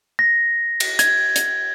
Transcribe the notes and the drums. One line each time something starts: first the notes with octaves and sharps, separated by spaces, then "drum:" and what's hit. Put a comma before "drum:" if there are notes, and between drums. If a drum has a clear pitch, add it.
A#6
drum: cymbal
G#6, drum: hi-hat
drum: hi-hat